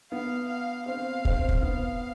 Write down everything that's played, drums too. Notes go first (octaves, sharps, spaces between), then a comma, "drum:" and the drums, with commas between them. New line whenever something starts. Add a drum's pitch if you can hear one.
B3 F5
F5
C4 F5
C4, drum: kick
drum: kick
B3 F5